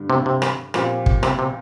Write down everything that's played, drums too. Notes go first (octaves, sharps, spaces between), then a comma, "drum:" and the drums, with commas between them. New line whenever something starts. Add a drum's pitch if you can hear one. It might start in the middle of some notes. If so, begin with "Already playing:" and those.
Already playing: G2 D3 G3
C3
C3
drum: rim click
A#2 F3 C4 G4, drum: rim click
drum: kick
C3, drum: rim click
C3